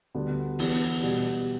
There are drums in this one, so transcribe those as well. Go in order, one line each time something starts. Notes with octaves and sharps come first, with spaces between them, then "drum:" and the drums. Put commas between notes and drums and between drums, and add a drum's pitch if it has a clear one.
D2 D3 G3 B3
E2 E3 B3 G4, drum: open hi-hat
B2 G3 B3 G4